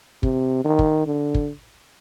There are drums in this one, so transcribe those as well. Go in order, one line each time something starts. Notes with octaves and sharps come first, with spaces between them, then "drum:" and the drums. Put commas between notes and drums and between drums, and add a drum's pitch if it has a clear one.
C3, drum: kick
D#3
drum: kick
D3
drum: kick